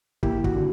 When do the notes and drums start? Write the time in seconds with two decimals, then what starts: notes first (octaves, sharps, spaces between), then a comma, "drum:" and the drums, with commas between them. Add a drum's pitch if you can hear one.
0.23 A#3 E4 G4, drum: kick
0.44 F#4, drum: kick
0.55 D3